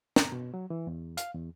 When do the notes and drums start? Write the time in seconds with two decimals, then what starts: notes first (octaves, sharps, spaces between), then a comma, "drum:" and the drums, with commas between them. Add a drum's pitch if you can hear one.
0.16 A#5, drum: snare
0.32 B2
0.54 F#3
0.70 E3
0.87 E2
1.17 F5, drum: hi-hat
1.34 E2